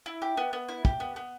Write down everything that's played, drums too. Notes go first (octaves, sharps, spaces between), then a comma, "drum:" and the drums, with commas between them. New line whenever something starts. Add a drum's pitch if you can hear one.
E4
G4
B3
B3
E4
G4, drum: kick
B3
B3